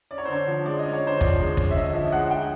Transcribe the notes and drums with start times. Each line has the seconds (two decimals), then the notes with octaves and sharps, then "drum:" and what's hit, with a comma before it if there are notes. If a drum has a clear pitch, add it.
0.11 C#4 D5
0.18 C#5
0.25 C5
0.28 D3 C#5
0.48 F3
0.66 G#3 D5
0.79 D#5
0.84 C#4
0.93 C#5
1.03 D3 C5
1.21 F3 D5, drum: kick
1.39 G#3
1.57 C#4, drum: kick
1.71 E5
1.76 D3 D#5
1.94 F3 E5
2.12 G#3 F#5
2.30 G5